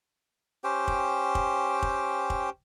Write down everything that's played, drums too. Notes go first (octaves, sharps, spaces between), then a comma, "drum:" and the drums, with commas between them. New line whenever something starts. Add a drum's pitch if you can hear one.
C#4 G4 C5 G5
drum: kick
drum: kick
drum: kick
drum: kick